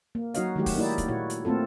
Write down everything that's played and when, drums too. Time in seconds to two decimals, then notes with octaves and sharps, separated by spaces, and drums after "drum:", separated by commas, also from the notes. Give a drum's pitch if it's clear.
0.15 A#3
0.34 F#3 D#4 F#4 C#5 D#5 F5, drum: hi-hat
0.56 D#3 F#3 G#3 A3 F#4 G4
0.66 drum: kick, open hi-hat
0.76 A#3 D#4 E4 G4 D5
0.98 drum: kick, hi-hat
1.08 A#2 E4 F#4 C#5
1.30 drum: hi-hat
1.45 A3 A#3 C4 F4 A4